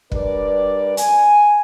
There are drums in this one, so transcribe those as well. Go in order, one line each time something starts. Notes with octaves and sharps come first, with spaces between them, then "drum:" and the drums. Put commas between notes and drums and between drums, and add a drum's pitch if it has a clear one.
G3 D4 A#4 B4 D5, drum: kick
G#5, drum: hi-hat